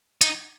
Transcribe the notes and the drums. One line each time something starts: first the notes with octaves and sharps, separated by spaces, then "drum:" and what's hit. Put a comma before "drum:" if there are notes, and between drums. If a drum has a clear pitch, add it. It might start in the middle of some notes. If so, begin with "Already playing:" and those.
D#4, drum: hi-hat